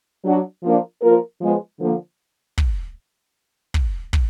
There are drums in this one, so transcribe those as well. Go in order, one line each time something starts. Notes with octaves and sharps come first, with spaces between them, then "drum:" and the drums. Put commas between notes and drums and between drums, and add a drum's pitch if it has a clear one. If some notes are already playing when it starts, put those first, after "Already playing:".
F#3 D4 F#4
F3 A#3 D4
F3 A#3 F4 A#4
F3 G#3 B3
D3 F3 A#3
drum: kick
drum: kick
drum: kick